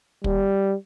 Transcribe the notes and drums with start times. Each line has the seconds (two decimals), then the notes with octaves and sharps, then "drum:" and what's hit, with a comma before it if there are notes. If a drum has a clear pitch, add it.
0.24 G3, drum: kick